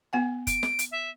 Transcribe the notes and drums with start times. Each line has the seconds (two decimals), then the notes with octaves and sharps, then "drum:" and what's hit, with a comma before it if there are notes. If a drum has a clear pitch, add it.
0.13 B3 F#5 G#5
0.47 D7, drum: kick F#1, hi-hat
0.63 drum: snare
0.79 drum: hi-hat
0.92 E5